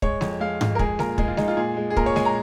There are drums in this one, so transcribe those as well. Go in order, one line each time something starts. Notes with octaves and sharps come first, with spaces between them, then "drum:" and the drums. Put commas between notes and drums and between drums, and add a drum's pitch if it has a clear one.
G#3 C#5, drum: kick
F2, drum: snare
G#3 F5
F2, drum: tom G#2
A#4
G#3 G#4, drum: kick
A#2 A#4, drum: snare
G#3 G#4, drum: kick
F4
G#3 D#4, drum: snare
F4
A#2 G#4
G#3
G#4
A#2 A#4, drum: kick
C#5
G#3 G#5, drum: snare
A#5